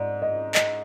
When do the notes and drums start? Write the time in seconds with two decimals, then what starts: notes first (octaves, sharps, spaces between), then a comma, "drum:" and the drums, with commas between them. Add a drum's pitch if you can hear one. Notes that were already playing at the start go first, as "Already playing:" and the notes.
Already playing: G#2 D5
0.22 D#5
0.55 D#5, drum: clap